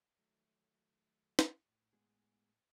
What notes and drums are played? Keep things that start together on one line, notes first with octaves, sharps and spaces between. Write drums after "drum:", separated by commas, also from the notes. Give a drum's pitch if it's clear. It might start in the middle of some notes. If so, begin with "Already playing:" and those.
D#3 F#3 A3
drum: snare
A2
G#3 B3 G#4